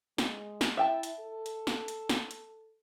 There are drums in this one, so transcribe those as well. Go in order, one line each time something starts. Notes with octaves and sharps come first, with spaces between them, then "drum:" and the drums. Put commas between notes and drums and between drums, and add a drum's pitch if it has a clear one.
G#3, drum: snare
drum: snare
E4 E5 G5 A5
drum: hi-hat
A4
drum: hi-hat
drum: snare
drum: hi-hat
drum: snare
drum: hi-hat